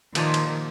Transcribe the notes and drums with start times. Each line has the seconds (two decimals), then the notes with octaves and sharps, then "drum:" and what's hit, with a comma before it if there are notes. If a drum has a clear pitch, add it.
0.15 A#2 D#3 F3 A#3, drum: cymbal
0.34 drum: cymbal